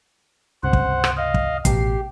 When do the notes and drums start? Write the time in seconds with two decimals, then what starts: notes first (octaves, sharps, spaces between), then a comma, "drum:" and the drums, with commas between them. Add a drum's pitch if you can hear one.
0.63 C#2 G2 C3 C5 F#5
0.73 drum: kick
1.04 drum: rim click
1.17 D#5 F5
1.34 drum: kick
1.65 A1 B2 G4 C7, drum: kick, hi-hat